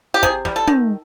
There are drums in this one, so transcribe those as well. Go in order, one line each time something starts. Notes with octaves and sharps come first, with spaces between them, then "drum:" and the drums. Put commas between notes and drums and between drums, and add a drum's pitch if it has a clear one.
G4
C3 G#4, drum: kick, hi-hat
G3, drum: snare
A4
D#3, drum: tom